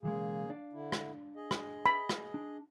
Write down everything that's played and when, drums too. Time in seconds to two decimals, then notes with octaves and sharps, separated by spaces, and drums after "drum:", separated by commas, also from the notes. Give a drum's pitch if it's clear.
0.03 B1 C#3 E3 G#3 A#3 G#4
0.50 D4 D5 F5
0.73 D3 E4
0.92 drum: rim click
1.36 G#4 D#5
1.51 drum: rim click
1.86 B5
2.09 drum: rim click
2.34 D4